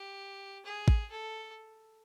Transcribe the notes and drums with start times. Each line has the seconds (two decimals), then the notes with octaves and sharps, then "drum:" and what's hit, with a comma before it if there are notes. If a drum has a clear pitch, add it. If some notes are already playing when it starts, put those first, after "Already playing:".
Already playing: G4
0.66 G#4
0.88 drum: kick
1.11 A4